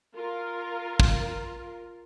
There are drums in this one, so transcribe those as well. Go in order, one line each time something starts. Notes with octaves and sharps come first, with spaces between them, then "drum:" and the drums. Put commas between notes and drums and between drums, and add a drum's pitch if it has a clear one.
F4 A#4
drum: kick